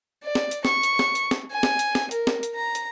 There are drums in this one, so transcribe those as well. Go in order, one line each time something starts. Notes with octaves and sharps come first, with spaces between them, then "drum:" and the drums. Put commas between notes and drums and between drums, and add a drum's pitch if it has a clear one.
D5
drum: snare
drum: hi-hat
C#6, drum: snare
drum: hi-hat
drum: snare
drum: hi-hat
drum: snare
G#5
drum: snare
drum: hi-hat
drum: snare
A#4, drum: hi-hat
drum: snare
drum: hi-hat
A#5
drum: hi-hat